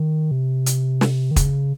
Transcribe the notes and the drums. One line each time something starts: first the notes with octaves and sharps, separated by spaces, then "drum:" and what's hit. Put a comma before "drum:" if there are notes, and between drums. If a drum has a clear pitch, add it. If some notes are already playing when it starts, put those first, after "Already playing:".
Already playing: D#3
C3
drum: hi-hat
drum: snare
D#3
C#3, drum: kick, hi-hat